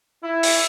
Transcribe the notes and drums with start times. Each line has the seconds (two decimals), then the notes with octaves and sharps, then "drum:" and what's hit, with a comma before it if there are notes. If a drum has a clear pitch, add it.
0.23 E4
0.43 drum: open hi-hat